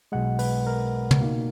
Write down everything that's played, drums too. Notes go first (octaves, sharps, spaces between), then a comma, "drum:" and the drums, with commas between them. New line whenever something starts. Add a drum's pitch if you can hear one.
B1 B2 G#3 F#5
B4, drum: open hi-hat
A#4
drum: tom
B2 A#3 D#4